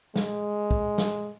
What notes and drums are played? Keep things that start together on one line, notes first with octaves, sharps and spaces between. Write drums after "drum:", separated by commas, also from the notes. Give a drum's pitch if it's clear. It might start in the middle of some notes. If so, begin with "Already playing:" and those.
G#3, drum: snare
drum: kick
drum: snare